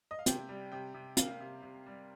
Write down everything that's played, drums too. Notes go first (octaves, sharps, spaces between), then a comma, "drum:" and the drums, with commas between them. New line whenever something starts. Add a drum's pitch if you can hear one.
D#5
F5
C3 G5, drum: hi-hat
G3
C3 G5
C3
A#3 F5, drum: hi-hat
C3
C3
G3